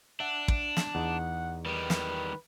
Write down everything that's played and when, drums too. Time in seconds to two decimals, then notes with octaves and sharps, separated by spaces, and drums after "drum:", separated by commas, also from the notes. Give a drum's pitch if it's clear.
0.20 D4 E5 F#5
0.48 drum: kick
0.77 drum: snare
0.95 E2 D#4 F#5
1.66 D#3 G3 B4
1.90 drum: snare